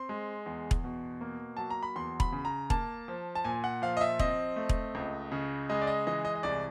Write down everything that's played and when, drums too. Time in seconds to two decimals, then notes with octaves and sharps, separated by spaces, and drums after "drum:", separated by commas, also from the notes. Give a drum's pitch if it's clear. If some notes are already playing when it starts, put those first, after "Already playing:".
Already playing: C4 C6
0.09 G#3
0.46 E2
0.71 drum: kick E1
0.84 B2
1.21 A#3
1.57 F#3 A5
1.70 A#5
1.83 B5
1.96 E2 C6
2.20 B5, drum: kick E1
2.32 C#3
2.45 A#5
2.70 A#3 A5, drum: kick E1
3.08 F3
3.35 A5
3.44 A#2 G#5
3.64 F#5
3.82 F3 F5
3.97 D#5
4.01 E5
4.19 C4 D#5, drum: kick E1
4.56 A3
4.69 drum: kick E1
4.95 C#2
5.32 C#3
5.69 G#3 D#5
5.81 D5
5.87 D#5
6.07 E3 D#5
6.25 D#5
6.35 D#5
6.43 C2 D5